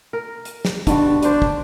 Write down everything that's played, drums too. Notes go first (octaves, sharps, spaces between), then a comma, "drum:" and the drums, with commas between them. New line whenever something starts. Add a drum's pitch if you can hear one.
A#4
drum: hi-hat
drum: snare
B2 D3 G3 F#4 A5, drum: kick, hi-hat
G3 D4 C5, drum: hi-hat
drum: kick